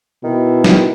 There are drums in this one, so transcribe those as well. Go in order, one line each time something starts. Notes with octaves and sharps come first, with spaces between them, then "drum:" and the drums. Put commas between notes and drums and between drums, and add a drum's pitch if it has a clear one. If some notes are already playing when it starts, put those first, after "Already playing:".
B2 D#3 E4
drum: snare